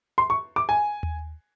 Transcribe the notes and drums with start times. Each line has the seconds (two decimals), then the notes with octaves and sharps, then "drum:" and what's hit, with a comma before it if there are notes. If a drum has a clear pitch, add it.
0.18 C6
0.30 C#6
0.56 D6
0.69 G#5
1.03 drum: tom D#2